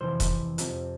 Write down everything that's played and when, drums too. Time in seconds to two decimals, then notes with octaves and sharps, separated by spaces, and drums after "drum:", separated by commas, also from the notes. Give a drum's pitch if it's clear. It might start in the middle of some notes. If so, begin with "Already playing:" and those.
0.01 F2 C3 E3 C5
0.20 drum: kick E1, hi-hat
0.58 F2 C3 F3, drum: hi-hat